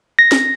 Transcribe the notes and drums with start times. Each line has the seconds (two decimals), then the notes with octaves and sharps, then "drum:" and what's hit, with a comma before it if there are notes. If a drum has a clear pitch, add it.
0.19 A#6
0.32 drum: snare